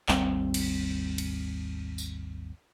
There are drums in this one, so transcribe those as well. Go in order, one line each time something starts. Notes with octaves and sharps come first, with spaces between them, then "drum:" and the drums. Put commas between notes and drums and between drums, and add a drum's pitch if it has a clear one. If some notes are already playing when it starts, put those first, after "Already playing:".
G#1 D#2 G3 C4, drum: clap
drum: cymbal
drum: cymbal
drum: tambourine